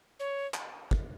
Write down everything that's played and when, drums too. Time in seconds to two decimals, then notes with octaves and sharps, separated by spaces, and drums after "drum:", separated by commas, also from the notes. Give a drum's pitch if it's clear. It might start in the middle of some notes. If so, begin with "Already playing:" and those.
0.19 C#5
0.54 drum: clap
0.91 drum: kick